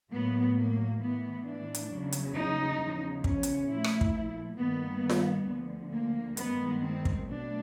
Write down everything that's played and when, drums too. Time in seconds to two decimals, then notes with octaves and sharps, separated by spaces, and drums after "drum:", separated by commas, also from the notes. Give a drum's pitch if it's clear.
0.12 A2 F#3 A#3 B3
0.57 A#3
1.01 A2 E3 G#3 B3
1.46 D4
1.74 drum: hi-hat
1.90 E2 C#3 F#3 A#3
2.12 drum: hi-hat
2.36 D#4
2.80 E2 C#3 F3
3.24 C#4, drum: kick
3.43 drum: hi-hat
3.69 A#2 F3 A3 E4
3.84 drum: rim click
4.01 drum: kick
4.58 G2 D#3 G3 A#3 B3
5.09 drum: snare F4
5.48 D2 D3 F3
5.93 A#3
6.37 G2 D#3 G#3 B3, drum: hi-hat
6.82 C4
7.05 drum: kick
7.27 B2 F#3 A3 D4